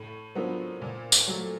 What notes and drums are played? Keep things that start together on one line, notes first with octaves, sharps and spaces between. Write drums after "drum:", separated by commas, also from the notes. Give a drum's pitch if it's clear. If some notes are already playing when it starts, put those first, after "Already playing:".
Already playing: A2
F#3 B3 D4 F4 A#4 C5
A#2
drum: tambourine
F#3 A3